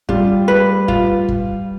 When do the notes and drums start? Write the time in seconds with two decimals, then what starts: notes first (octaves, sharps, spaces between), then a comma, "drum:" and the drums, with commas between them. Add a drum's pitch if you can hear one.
0.09 G3 F4, drum: kick
0.48 B4
0.88 F4, drum: kick
1.28 drum: kick